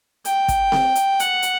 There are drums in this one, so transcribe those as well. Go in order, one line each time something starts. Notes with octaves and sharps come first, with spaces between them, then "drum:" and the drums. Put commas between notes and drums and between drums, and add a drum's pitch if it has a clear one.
G5, drum: hi-hat
drum: kick, hi-hat
drum: snare C4
drum: hi-hat
F#5, drum: hi-hat
drum: hi-hat